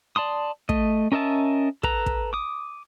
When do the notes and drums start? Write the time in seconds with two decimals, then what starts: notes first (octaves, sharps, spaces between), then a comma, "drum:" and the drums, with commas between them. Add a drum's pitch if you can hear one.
0.16 D5 A5 C6 D#6
0.69 A3 D#5, drum: kick
1.12 C#4 A#4 D#5 E5 A5
1.83 A4 B4 A#5, drum: kick
2.06 drum: kick
2.33 D6 D#6